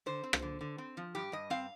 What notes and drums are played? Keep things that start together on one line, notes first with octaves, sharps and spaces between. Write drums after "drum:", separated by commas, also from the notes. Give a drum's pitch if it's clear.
D3 C5
C4
drum: rim click
D3
D3
C4
F3
G2 G4
G2 D#5
C4 F5